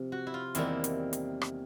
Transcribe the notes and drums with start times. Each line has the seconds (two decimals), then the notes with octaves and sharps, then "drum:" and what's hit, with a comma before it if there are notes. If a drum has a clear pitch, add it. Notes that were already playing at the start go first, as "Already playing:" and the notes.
Already playing: C3 F3
0.12 F#4
0.27 E4
0.34 F4
0.55 E2 C3 D#3 G3 A#3 E4, drum: hi-hat
0.84 drum: hi-hat
1.13 drum: hi-hat
1.42 drum: rim click